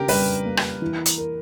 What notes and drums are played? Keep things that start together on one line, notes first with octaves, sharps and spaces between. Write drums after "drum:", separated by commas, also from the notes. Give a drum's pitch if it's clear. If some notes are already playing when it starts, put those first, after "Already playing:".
Already playing: C#3 D4 G4 A#4
G3 B4, drum: open hi-hat
A#3
drum: rim click
E3
drum: hi-hat
A#4